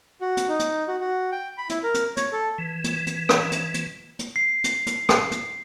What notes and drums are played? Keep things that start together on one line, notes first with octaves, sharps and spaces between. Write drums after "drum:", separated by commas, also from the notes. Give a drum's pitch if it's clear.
F#4
drum: hi-hat
D#4
drum: hi-hat
F#4
F#4
G5
B5
E4, drum: hi-hat
A#4
drum: hi-hat
C#5, drum: hi-hat
A4
E3
drum: hi-hat
drum: hi-hat
drum: rim click
drum: hi-hat
drum: hi-hat
drum: hi-hat
C7
drum: hi-hat
drum: hi-hat
drum: rim click
drum: hi-hat